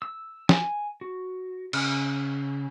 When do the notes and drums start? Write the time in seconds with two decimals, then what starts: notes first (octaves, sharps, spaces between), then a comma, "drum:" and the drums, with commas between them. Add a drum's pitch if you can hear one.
0.02 E6
0.49 G#5, drum: snare
1.01 F#4
1.73 C#3, drum: cymbal